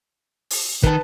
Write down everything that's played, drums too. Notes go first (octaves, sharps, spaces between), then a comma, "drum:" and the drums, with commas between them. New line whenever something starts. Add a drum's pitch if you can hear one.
drum: open hi-hat
D#3 B4 A5, drum: kick